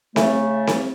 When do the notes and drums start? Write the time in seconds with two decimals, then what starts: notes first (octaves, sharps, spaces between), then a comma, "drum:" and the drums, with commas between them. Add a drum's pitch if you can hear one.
0.16 C#3 A3, drum: snare C4
0.67 drum: snare C4